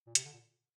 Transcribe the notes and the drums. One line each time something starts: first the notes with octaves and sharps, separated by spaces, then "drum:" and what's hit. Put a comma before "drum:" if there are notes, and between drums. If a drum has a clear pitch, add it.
A#2
C3, drum: hi-hat
D3
A#2